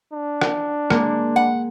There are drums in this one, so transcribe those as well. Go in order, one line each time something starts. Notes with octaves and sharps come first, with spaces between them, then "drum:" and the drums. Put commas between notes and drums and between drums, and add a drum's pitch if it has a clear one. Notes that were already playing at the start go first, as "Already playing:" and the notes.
D4
drum: rim click
G#3 A#3, drum: rim click
F#5